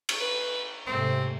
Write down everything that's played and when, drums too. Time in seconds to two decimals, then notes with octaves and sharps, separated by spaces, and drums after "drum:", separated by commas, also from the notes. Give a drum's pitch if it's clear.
0.09 drum: cymbal
0.21 B4
0.87 G#2 C3 A3 C4